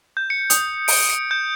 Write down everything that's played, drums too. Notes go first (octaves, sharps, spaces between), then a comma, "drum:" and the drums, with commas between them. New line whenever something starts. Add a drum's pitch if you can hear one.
G6
C#7
D#6, drum: hi-hat
D7, drum: open hi-hat
C#7
G6